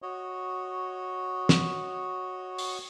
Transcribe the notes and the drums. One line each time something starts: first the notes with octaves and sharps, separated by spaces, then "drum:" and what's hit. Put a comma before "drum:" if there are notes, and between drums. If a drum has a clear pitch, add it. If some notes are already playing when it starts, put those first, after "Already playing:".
F#4 C#5 D#5
drum: snare
drum: open hi-hat